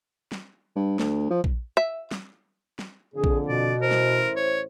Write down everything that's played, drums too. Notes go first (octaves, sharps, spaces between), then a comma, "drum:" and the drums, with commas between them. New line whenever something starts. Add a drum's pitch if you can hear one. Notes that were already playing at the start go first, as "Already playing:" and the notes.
drum: snare
G2
D2, drum: snare
F3
drum: kick A#1
E5
drum: snare
drum: snare
F2 A#2 D3 G#4
drum: kick A#1
B2 D5
A1 E4 A#4 C5
drum: snare
C#5